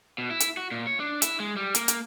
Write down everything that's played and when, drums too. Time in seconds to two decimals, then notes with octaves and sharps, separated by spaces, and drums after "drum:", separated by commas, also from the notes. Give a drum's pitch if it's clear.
0.18 B2
0.31 E4
0.40 drum: hi-hat
0.57 F#4
0.71 A#2
0.87 C#5
1.00 D4
1.22 E4, drum: hi-hat
1.40 G#3
1.56 G3
1.75 A#3, drum: hi-hat
1.88 drum: hi-hat